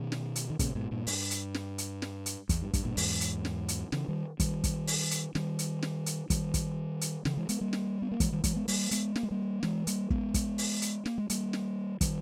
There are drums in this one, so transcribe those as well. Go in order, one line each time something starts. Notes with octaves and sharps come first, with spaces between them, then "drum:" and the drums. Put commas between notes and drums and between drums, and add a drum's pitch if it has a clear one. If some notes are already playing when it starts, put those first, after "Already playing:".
Already playing: B2 D#3
drum: snare
drum: hi-hat
D#3
A#2 C#3, drum: kick, hi-hat
G#2 B2
G2 A#2
G2, drum: open hi-hat
drum: hi-hat
drum: snare
drum: hi-hat
drum: snare
drum: hi-hat
E2, drum: kick, hi-hat
G2
G2, drum: kick, hi-hat
G2 A#2
E2 G#2, drum: open hi-hat
drum: hi-hat
drum: snare
drum: hi-hat
C#3 E3, drum: snare
D#3 G3
D#3 G3, drum: kick, hi-hat
drum: kick, hi-hat
drum: open hi-hat
drum: hi-hat
D#3 G3, drum: snare
drum: hi-hat
drum: snare
drum: hi-hat
D#3 G3, drum: kick, hi-hat
drum: kick, hi-hat
drum: hi-hat
C#3 E3, drum: snare
E3 G#3
G#3 B3, drum: hi-hat
G3 A#3
drum: snare
B3
A#3
E3 G#3, drum: kick, hi-hat
D#3 G3
E3 G#3, drum: kick, hi-hat
G#3 B3
G3 A#3, drum: open hi-hat
G#3 B3, drum: hi-hat
A#3, drum: snare
G#3
G3 A#3
E3 G#3, drum: snare
G3 A#3, drum: hi-hat
G#3 B3, drum: kick
drum: kick, hi-hat
drum: open hi-hat
drum: hi-hat
A#3, drum: snare
G#3
G3 A#3, drum: hi-hat
drum: snare
D#3 G3, drum: kick, hi-hat